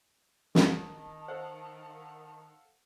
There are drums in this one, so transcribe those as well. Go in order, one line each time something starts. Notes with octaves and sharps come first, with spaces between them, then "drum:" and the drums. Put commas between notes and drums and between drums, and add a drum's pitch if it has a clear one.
D#3 A5, drum: snare
A4 C5 F5 F#5